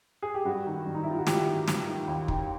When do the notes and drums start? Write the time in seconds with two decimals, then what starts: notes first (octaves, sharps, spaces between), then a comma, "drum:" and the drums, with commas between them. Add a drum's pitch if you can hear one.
0.23 G#4
0.34 G4
0.45 G2 F#4
0.66 D#3
0.86 G2
0.95 D#4
1.03 D#3 E4
1.11 F4
1.19 F#4
1.27 G2 G4, drum: snare
1.46 D#3
1.68 G2, drum: snare
1.87 D#3
2.08 D#2
2.28 D#3, drum: kick